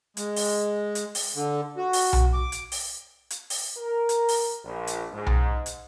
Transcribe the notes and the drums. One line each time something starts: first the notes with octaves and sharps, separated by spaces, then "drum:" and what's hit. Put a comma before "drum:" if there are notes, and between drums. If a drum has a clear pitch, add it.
G#3, drum: hi-hat
drum: open hi-hat
drum: hi-hat
drum: open hi-hat
D3
F#4
drum: open hi-hat
drum: tom B1
D6
drum: hi-hat
drum: open hi-hat
drum: hi-hat
drum: open hi-hat
A#4
drum: hi-hat
drum: open hi-hat
A#1
drum: hi-hat
G#2
drum: tom B1
drum: hi-hat